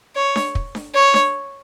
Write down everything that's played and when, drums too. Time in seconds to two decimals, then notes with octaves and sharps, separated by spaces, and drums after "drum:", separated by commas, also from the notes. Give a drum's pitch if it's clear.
0.15 C#5
0.36 drum: snare D4
0.55 drum: kick
0.75 drum: snare D4
0.94 C#5
1.14 drum: snare D4